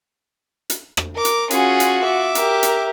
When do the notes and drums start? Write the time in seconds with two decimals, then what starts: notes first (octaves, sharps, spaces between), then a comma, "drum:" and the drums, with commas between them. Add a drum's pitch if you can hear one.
0.70 drum: hi-hat
0.97 drum: rim click
1.15 A#4 D6
1.25 drum: hi-hat
1.51 C#4 F4 F#4 G#4, drum: hi-hat
1.80 drum: hi-hat
2.03 E5 D6
2.35 G4 A#4, drum: hi-hat
2.63 drum: hi-hat